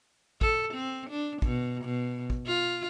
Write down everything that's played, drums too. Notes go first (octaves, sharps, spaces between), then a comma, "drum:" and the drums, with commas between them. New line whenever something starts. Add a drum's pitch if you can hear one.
A4, drum: kick
C4
D4
B2, drum: kick
B2
drum: kick
F4